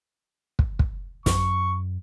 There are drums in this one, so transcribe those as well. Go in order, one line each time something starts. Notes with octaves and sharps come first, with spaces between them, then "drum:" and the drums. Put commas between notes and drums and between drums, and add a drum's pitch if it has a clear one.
drum: kick
drum: kick
F#2 C#6, drum: snare